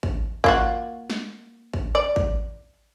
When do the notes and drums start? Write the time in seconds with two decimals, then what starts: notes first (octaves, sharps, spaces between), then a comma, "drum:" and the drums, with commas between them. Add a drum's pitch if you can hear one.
0.03 drum: kick A1
0.44 A#3 F4 F#4, drum: kick A1
1.10 drum: snare
1.74 drum: kick A1
1.95 D5
2.16 drum: kick A1